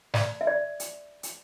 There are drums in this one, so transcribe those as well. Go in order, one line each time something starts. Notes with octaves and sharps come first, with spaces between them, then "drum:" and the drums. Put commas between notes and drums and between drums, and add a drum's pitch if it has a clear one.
D5, drum: snare
E5
D5
drum: hi-hat
drum: hi-hat